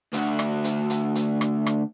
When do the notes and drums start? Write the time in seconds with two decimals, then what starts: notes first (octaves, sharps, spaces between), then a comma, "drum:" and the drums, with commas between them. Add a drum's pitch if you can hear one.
0.13 D2 F#4, drum: hi-hat
0.39 drum: rim click
0.64 drum: hi-hat
0.90 drum: hi-hat
1.15 drum: hi-hat
1.41 drum: rim click
1.66 drum: rim click